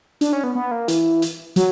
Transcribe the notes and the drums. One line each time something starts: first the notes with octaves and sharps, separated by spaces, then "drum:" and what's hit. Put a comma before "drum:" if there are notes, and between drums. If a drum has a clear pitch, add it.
D4, drum: hi-hat
C#4
B3
B3
A#3
E3, drum: hi-hat
drum: hi-hat
F#3, drum: hi-hat